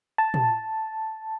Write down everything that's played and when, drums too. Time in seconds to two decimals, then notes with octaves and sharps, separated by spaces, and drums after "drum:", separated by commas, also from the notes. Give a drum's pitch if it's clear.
0.18 A5
0.34 drum: tom